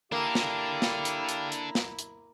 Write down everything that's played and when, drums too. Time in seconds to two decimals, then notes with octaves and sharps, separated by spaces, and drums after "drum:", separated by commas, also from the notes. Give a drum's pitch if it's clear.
0.12 A#3 D4 E4 G4 A4 F5
0.35 drum: snare
0.82 drum: snare
1.05 drum: hi-hat
1.29 drum: hi-hat
1.52 drum: hi-hat
1.75 drum: snare
1.99 drum: hi-hat